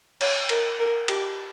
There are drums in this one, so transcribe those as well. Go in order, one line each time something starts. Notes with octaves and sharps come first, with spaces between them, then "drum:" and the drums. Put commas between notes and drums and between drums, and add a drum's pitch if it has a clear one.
C#5, drum: cymbal
A#4, drum: cymbal
A#4
G4, drum: cymbal